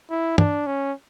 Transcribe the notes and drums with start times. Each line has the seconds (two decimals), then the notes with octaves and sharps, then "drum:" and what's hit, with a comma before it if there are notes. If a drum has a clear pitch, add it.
0.10 E4
0.38 D4, drum: tom
0.67 C#4